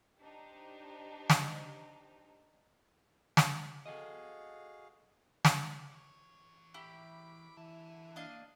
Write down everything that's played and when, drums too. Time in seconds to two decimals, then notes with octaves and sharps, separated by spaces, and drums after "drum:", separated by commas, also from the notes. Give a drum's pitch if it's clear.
0.20 D4 D#4 G4 C5
1.30 drum: snare
3.37 drum: snare
3.86 F#4 G#4 A4 D#5 F5
5.45 drum: snare
5.92 E3 C#5
6.74 E4 G4 B5 D6
7.57 D3 E3 A5
8.16 A#3 D4 D#5 F5